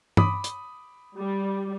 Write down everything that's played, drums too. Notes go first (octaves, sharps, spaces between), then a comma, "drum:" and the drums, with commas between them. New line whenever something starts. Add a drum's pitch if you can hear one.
B5 D6 D#6, drum: tom G2
drum: hi-hat
G3